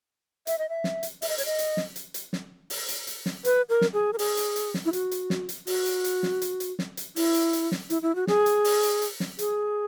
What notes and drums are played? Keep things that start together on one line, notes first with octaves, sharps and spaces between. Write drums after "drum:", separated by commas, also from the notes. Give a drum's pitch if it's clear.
E5, drum: hi-hat
D#5
E5
drum: snare
drum: hi-hat
E5, drum: open hi-hat
D#5
C#5, drum: hi-hat
D#5
drum: hi-hat
drum: snare
drum: hi-hat
drum: hi-hat
drum: snare
drum: open hi-hat
drum: hi-hat
drum: hi-hat
drum: snare
B4, drum: hi-hat
A#4
drum: snare
G#4
A#4
G#4, drum: open hi-hat
drum: hi-hat
drum: hi-hat
drum: snare
E4
F#4, drum: hi-hat
drum: hi-hat
drum: snare
drum: hi-hat
F#4, drum: open hi-hat
drum: hi-hat
drum: hi-hat
drum: snare
drum: hi-hat
drum: hi-hat
drum: snare
drum: hi-hat
E4, drum: open hi-hat
drum: hi-hat
drum: hi-hat
drum: snare
E4, drum: hi-hat
E4
F#4
G#4, drum: snare
drum: hi-hat
drum: open hi-hat
drum: hi-hat
drum: hi-hat
drum: snare
G#4, drum: hi-hat